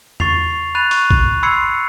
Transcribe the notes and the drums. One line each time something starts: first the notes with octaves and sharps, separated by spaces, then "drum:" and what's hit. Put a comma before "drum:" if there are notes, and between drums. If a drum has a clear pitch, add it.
C#6 A6 C7 F7, drum: tom E2
B5 F#6 A6 D#7 F7
C#6, drum: open hi-hat
drum: kick A#1
B5 C6 E6 G#6 C7 C#7